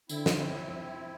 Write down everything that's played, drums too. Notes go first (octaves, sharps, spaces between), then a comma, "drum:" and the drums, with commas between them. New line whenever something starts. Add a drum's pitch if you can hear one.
D3 C4 E4, drum: tambourine
drum: snare